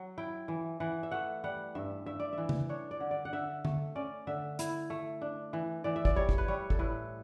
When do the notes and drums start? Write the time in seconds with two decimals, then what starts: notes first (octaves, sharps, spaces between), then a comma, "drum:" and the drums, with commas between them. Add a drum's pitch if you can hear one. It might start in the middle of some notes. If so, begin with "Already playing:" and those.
Already playing: F#3
0.18 E4 G5
0.48 E3
0.80 E3 F#5
1.03 E5
1.11 A3 F#5
1.44 G3 F#5
1.75 G2 E5
2.06 G2 E5
2.20 D5
2.33 E3 E5
2.49 drum: tom C#3
2.69 D4 C#5
2.91 D5
3.00 D3
3.11 D5
3.25 F#5
3.33 D3 E5
3.65 A3, drum: tom D3
3.95 C#4 D5
4.27 D3 E5
4.59 E4, drum: hi-hat
4.90 A3
5.22 D4
5.53 E3
5.84 E3 D5
5.96 E5
6.05 D5, drum: kick
6.16 G3 C#5
6.29 drum: kick
6.38 B4
6.48 G3 C#5
6.70 A4, drum: kick
6.79 A2 B4